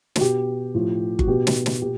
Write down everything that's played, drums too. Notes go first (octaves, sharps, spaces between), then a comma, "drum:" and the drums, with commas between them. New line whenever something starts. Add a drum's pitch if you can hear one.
F#4, drum: snare
B2 G4
A2 F3
F#4, drum: kick G1
B2 G4
drum: snare
drum: snare
A#2 G4